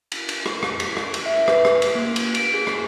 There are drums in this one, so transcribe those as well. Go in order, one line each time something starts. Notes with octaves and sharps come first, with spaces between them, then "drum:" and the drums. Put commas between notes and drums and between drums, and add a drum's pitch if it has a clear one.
drum: cymbal
drum: cymbal
drum: rim click
drum: rim click
drum: cymbal
drum: rim click
drum: cymbal
E5
B4, drum: rim click
drum: rim click
drum: cymbal
A#3
drum: cymbal
D7, drum: cymbal
G#4
drum: rim click